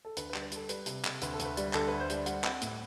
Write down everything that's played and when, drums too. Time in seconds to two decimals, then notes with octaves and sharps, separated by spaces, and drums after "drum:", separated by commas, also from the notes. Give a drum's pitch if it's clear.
0.05 A4
0.17 D2 B4, drum: hi-hat
0.30 B4
0.34 G3, drum: clap
0.42 B4
0.51 G3 A4, drum: hi-hat
0.69 G3 B4, drum: hi-hat
0.86 C3, drum: hi-hat
1.05 C3, drum: clap
1.21 D2 B4, drum: hi-hat
1.34 A4
1.39 D2, drum: hi-hat
1.45 B4
1.57 G3, drum: hi-hat
1.73 D2 A4, drum: clap
1.88 D2 B4
2.00 C5
2.10 G3 D5, drum: hi-hat
2.26 G3 F#5, drum: hi-hat
2.44 C4, drum: clap
2.61 A2, drum: hi-hat